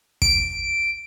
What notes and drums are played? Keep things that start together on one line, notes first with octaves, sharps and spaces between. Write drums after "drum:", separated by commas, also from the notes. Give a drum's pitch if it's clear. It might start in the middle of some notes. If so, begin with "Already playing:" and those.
D7, drum: kick